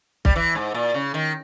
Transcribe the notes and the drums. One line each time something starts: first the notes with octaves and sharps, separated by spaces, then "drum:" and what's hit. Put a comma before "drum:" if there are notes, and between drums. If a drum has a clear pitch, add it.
G3, drum: kick B1
E3
G#2
A#2
C#3
D#3